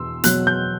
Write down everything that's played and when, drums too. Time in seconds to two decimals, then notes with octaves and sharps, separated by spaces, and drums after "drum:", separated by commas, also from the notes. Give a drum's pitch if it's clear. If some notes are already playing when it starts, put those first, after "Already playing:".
Already playing: E2 B2 C6 E6
0.24 E2 B2 F#3 F#6, drum: hi-hat
0.47 G6